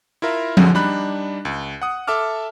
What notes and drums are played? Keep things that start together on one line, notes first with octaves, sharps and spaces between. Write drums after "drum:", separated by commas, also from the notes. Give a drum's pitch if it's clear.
E4 F4 A#4 E5
C#2 F#2 D3 C#4 F#4 G#4, drum: tom F3
G3 D4 D#4 B5 F#6
C#2
F#5 D#6
A4 E5 A5 D6 F6